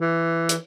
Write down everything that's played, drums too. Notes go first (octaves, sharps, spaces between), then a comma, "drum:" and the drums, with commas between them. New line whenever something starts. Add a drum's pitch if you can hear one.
E3
drum: hi-hat